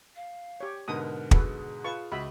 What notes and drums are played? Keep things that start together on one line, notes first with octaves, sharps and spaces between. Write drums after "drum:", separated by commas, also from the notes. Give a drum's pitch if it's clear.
F5
G4 C#5
G#2 B2 D3 A#4 D#6
F#4 G#4 A4 B4, drum: kick
F4 B4 A5 C#6
C#2 F#4 E5 B5